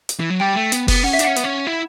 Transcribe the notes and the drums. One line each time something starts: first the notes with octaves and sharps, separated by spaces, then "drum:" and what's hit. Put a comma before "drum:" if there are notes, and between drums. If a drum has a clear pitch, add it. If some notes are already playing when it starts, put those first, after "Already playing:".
drum: hi-hat
E3
F#3
G3 G5
A3
B3, drum: hi-hat
B3, drum: kick F1, open hi-hat
C#4 F#5
E5
D4, drum: hi-hat
C#4 F#5
B3, drum: hi-hat
C#4
E4